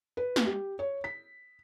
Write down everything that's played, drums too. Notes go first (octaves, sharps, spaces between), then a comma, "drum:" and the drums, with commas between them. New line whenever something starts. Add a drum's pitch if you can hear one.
B4
drum: snare
G4
C#5
B6